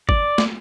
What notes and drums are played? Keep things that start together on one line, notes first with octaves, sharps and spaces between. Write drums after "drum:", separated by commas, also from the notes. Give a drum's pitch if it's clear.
D5, drum: kick G#1
drum: snare